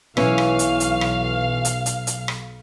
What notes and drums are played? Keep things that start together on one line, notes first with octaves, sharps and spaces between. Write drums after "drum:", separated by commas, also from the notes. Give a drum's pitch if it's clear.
B1 E3 C#4 F5, drum: rim click
drum: rim click
drum: hi-hat
drum: hi-hat
drum: rim click
drum: hi-hat
drum: hi-hat
drum: hi-hat
drum: rim click